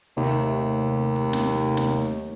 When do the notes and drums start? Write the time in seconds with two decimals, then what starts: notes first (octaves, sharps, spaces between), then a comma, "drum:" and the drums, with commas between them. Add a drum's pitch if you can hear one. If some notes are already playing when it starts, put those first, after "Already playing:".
0.17 D#2 C3 A3
1.16 drum: hi-hat
1.33 drum: snare
1.77 drum: snare